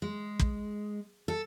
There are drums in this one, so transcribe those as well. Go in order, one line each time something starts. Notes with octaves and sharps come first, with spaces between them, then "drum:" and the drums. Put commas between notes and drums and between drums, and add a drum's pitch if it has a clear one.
G#3
drum: kick
A4